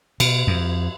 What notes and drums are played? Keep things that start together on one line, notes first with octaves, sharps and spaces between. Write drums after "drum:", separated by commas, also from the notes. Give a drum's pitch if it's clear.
B2, drum: cymbal
F2